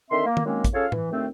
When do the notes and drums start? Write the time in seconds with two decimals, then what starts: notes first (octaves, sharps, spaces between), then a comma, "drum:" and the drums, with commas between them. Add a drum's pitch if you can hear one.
0.10 D3 D#3 C4 E5 C6
0.26 A#3
0.37 drum: tom
0.46 D#3 F#3 G#3 A#3 C4 C#4
0.64 drum: kick, hi-hat
0.74 C#4 F4 G#4 A4 C#5 F5
0.92 E3, drum: tom
1.12 D#2 D3 A3 C4